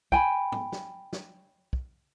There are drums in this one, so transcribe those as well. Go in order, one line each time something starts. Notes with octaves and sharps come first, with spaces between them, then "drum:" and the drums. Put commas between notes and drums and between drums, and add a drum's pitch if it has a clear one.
G5 G#5 B5, drum: kick
drum: tom
drum: snare
drum: snare
drum: kick